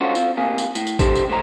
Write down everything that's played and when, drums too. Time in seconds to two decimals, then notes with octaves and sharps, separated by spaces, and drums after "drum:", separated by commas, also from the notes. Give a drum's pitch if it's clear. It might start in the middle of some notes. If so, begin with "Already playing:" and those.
0.01 C#4 D4 F4 F#4 A4 C5
0.15 C4 F4, drum: tambourine
0.37 D2 C3 A#3 G#4
0.58 drum: tambourine
0.75 A2, drum: tambourine
0.87 drum: tambourine
0.99 D4 G4 A4 C5, drum: kick, tambourine
1.15 drum: tambourine
1.28 F2 A3 C5 A#5